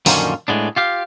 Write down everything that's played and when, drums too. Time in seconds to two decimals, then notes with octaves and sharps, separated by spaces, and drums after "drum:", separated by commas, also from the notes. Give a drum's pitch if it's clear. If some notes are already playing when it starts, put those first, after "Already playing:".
0.06 F#2 A#2 D3 D#3 F3 C#4, drum: open hi-hat
0.48 A2 G#3 B3 D4
0.76 F4 G4 F5